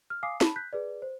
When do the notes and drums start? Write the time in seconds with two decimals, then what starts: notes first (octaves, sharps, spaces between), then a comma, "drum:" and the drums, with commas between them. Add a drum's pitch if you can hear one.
0.10 F6
0.23 F5 G#5 D6 D#6 C7
0.41 A5 B5, drum: snare
0.56 F#6 G6 B6
0.73 G#4 B4 D5
1.02 C5